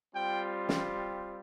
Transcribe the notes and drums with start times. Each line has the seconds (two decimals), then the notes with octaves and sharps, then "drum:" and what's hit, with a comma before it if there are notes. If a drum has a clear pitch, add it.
0.15 G3 C4 F4 G5
0.69 drum: snare